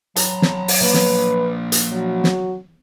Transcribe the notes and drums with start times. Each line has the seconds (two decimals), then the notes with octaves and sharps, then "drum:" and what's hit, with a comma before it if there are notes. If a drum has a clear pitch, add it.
0.16 F#3 A5 A#5, drum: hi-hat
0.42 drum: snare
0.68 drum: open hi-hat
0.81 F3 A#3 B4
0.94 drum: snare
1.72 drum: hi-hat
1.91 F#3 F#4
2.24 drum: snare